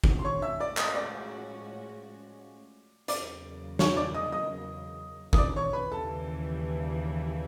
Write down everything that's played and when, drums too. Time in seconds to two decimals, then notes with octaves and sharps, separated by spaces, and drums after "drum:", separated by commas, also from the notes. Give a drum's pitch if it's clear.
0.04 drum: kick G1
0.19 C6
0.24 A2 F3 G#3 C#4 F#4 C#5 C#6
0.42 E5 E6
0.60 D5 D6
0.77 D#5 D#6, drum: clap
0.95 D5 D6
3.08 E2 C#3 F#3 A#3 D5 D6, drum: hi-hat
3.79 C#5 C#6, drum: snare
3.97 D5 D6
4.14 D#5 D#6
4.32 D#5 D#6
5.33 D#6, drum: kick G1
5.38 D5 D6
5.56 C#5 C#6
5.73 B4 B5
5.91 D#2 C#3 E3 G3 A4 A5